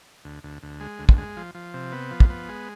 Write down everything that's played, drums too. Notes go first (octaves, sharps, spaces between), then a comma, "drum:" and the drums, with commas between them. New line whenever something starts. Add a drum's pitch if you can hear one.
D2
D2
D2
G#3
D2
drum: kick
G#3
F3
F3
C3
B3
F3
drum: kick
B3
G#3